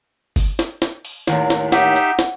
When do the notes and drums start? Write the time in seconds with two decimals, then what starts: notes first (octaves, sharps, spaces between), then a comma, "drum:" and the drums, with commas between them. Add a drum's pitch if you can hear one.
0.36 drum: kick, open hi-hat
0.59 drum: snare
0.82 drum: snare
1.05 drum: open hi-hat
1.27 D#2 A2, drum: snare
1.50 drum: snare
1.72 D#4 G4 E5 F#5, drum: snare
1.96 drum: hi-hat
2.19 drum: snare